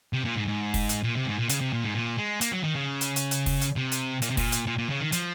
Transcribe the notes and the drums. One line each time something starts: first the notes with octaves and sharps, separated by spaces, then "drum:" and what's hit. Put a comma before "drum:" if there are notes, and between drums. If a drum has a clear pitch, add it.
C3
A#2
G#2
G#2
drum: kick, open hi-hat
drum: hi-hat
A#2
C3
G#2
A#2
C#3, drum: hi-hat
C3
A#2
G#2
A#2
G#3
A#3, drum: hi-hat
F#3
D#3
C#3
drum: hi-hat
drum: hi-hat
drum: hi-hat
drum: kick, open hi-hat
drum: hi-hat
C3
drum: hi-hat
A#2, drum: hi-hat
C3
A#2, drum: kick, open hi-hat
drum: hi-hat
A#2
A#2
C#3
D#3
F3, drum: hi-hat